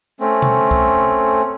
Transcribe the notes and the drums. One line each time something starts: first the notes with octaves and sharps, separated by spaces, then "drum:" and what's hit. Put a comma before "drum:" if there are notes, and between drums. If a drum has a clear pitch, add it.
A3 C4 C#4
drum: tom B2
drum: kick